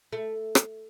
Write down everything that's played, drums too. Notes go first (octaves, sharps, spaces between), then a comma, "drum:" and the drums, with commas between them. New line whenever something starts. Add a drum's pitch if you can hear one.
A3
drum: rim click